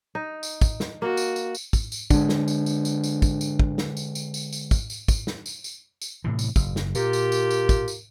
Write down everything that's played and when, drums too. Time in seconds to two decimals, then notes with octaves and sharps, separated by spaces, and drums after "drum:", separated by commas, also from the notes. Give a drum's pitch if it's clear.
0.15 D#4
0.43 drum: tambourine
0.61 drum: kick, tambourine
0.80 drum: snare
1.02 A#3 F#4
1.17 drum: tambourine
1.36 drum: tambourine
1.55 drum: tambourine
1.73 drum: kick, tambourine
1.92 drum: tambourine
2.10 D3 G#3 D4, drum: kick, tambourine
2.29 drum: snare
2.48 drum: tambourine
2.66 drum: tambourine
2.85 drum: tambourine
3.04 drum: tambourine
3.22 drum: kick, tambourine
3.41 drum: tambourine
3.59 drum: kick
3.78 drum: snare
3.97 drum: tambourine
4.15 drum: tambourine
4.34 drum: tambourine
4.53 drum: tambourine
4.71 drum: kick, tambourine
4.90 drum: tambourine
5.08 drum: kick, tambourine
5.27 drum: snare
5.46 drum: tambourine
5.64 drum: tambourine
6.02 drum: tambourine
6.24 A2 C3 E3
6.39 drum: tambourine
6.56 F#1, drum: kick, tambourine
6.76 drum: snare
6.95 A#2 A#3 F4 G4, drum: tambourine
7.13 drum: tambourine
7.32 drum: tambourine
7.51 drum: tambourine
7.69 drum: kick, tambourine
7.88 drum: tambourine